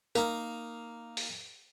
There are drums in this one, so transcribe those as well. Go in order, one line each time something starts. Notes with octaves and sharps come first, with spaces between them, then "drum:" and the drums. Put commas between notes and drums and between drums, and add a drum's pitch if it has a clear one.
A#3 D#4 A#4, drum: tambourine
drum: open hi-hat